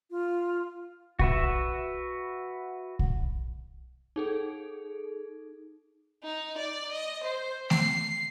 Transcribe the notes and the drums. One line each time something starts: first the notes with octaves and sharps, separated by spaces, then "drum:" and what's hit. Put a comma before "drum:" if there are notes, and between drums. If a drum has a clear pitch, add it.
F4
F#4 B4 E5, drum: kick
drum: kick
D#4 G#4 A4
D#4
D5
D#5
C5
C7, drum: snare A3